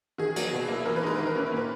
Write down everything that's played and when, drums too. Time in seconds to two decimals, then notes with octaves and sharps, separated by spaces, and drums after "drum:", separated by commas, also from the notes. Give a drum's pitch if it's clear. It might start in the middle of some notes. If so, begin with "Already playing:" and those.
0.18 D#3 G#4
0.36 F#3 A#3, drum: cymbal
0.52 B2
0.68 A#3 E4
0.86 E3 A#4
0.96 B4
1.03 G#3 D#4 A#4
1.15 D#3 B4
1.26 A#4
1.35 A#3 C#4 E4 B4
1.46 A#4
1.52 A#2 B4